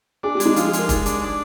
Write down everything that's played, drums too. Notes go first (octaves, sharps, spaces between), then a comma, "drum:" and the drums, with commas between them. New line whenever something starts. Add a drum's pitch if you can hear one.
D4 G#4
G4
G#3, drum: hi-hat
D#4
F3 F4, drum: hi-hat
G#4
G#3, drum: hi-hat
A#4
G#3, drum: kick F1, hi-hat
D4, drum: hi-hat
D4